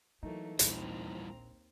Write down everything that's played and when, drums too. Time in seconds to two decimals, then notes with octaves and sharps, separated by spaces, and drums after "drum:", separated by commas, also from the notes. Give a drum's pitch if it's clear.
0.23 E3 F#3 A3 A#3 D#4 E4
0.59 A#1 D#2 G3 C4 E4 F4 A#5, drum: hi-hat